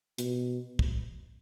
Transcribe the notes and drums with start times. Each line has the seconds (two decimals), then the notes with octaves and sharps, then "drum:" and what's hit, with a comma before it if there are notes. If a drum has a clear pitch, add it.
0.18 B2, drum: hi-hat
0.79 drum: kick